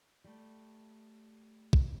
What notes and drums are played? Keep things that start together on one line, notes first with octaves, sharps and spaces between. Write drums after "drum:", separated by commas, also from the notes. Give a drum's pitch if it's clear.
G3 A3
drum: kick